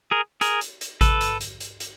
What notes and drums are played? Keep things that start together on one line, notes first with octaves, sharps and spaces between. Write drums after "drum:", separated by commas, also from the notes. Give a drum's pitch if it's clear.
G#4 A#4
G#4 A#4, drum: hi-hat
drum: hi-hat
drum: hi-hat
A4 B4, drum: kick G#1, hi-hat
drum: hi-hat
drum: hi-hat
drum: hi-hat
drum: hi-hat